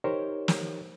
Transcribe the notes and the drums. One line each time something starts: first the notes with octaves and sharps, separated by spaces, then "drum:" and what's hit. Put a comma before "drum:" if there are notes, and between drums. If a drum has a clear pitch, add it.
D#4 G4 A#4 C5 C#5
drum: snare